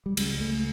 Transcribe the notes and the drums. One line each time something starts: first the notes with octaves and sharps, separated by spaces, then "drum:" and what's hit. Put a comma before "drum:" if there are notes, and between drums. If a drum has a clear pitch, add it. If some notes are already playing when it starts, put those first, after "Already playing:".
G3
C#2 C#3 G#3, drum: cymbal
A3